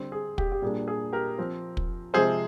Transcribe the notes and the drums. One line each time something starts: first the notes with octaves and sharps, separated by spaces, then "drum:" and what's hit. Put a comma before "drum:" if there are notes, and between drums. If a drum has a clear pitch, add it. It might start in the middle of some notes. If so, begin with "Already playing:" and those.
Already playing: D3 G3 C4
G#4
G4, drum: kick
G4
A#2 G3 A#3 D4 G#4
G#4
G4 A#4
F3 C4
drum: kick
C3 F3 G#3 C4 G#4 C5